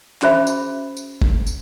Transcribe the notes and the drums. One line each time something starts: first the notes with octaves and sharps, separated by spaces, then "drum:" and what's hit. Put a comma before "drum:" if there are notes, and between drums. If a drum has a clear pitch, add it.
C#4 F#4 G#4 C5 E5 B5, drum: clap
drum: tambourine
drum: tambourine
drum: kick F#1
drum: tambourine